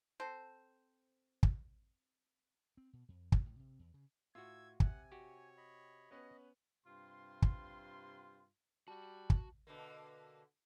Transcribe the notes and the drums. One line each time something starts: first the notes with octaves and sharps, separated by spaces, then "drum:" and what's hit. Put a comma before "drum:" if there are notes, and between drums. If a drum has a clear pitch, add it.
C4 A4 C5
drum: kick
C4
B2
F2
C#3, drum: kick
A2
C3
E2
C#3
A2 F4 F#4 E6 G#6
C3 F#5 G#5, drum: kick
F#4 G4 C#5
D#5 B5
B3 C#4 B4 D#5
G2 C3 F4 C6
drum: kick
G3 F#4 F#5 A5
drum: kick
B2 D3 A#3